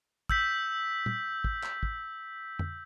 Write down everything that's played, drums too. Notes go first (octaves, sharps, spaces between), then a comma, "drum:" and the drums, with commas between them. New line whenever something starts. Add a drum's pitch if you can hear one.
E6 G6 B6, drum: kick
drum: tom
drum: kick
drum: clap
drum: kick
drum: tom F2